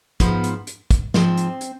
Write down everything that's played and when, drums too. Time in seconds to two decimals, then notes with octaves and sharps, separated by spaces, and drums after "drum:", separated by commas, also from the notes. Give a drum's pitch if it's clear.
0.20 G#2 F3 B3, drum: kick, hi-hat
0.44 drum: hi-hat
0.67 drum: hi-hat
0.91 drum: kick, hi-hat
1.14 G#2 F3 C4, drum: snare
1.37 drum: hi-hat
1.61 drum: hi-hat